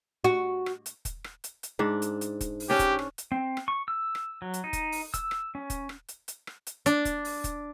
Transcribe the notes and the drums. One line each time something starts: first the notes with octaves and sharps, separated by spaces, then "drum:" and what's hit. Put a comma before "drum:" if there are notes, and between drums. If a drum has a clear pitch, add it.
F#4
drum: rim click
drum: hi-hat
drum: kick, hi-hat
drum: rim click
drum: hi-hat
drum: hi-hat
G#2 D4
drum: hi-hat
drum: hi-hat
drum: kick, hi-hat
drum: open hi-hat
C#4 D4 G4
drum: kick, hi-hat
drum: rim click
drum: hi-hat
C4
drum: rim click
C#6
E6
drum: rim click
F#3
drum: hi-hat
D#4
drum: kick, hi-hat
drum: open hi-hat
E6, drum: kick, hi-hat
drum: rim click
C#4
drum: kick, hi-hat
drum: rim click
drum: hi-hat
drum: hi-hat
drum: rim click
drum: hi-hat
D4, drum: hi-hat
drum: kick, hi-hat
drum: open hi-hat
drum: kick, hi-hat